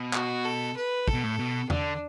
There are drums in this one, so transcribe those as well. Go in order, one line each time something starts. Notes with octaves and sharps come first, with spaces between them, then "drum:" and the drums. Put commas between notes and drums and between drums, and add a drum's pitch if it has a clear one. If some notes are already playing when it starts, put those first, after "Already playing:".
Already playing: B2
F#4, drum: clap
A4
B4
A4, drum: kick
B2
A2
B2
D3 D4, drum: tom